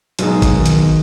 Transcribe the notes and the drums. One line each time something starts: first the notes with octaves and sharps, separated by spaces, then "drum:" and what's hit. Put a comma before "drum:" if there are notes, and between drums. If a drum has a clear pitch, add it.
B1 B2 F#3 G#3 D#4, drum: hi-hat
drum: kick, hi-hat
D#3
drum: hi-hat